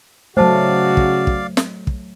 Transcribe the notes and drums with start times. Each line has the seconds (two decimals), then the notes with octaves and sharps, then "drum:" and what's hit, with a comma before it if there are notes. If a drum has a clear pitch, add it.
0.37 C#3 F#3 A3 F#4 C5 D5 F5 A5
0.97 drum: kick
1.27 drum: kick
1.57 drum: snare
1.87 drum: kick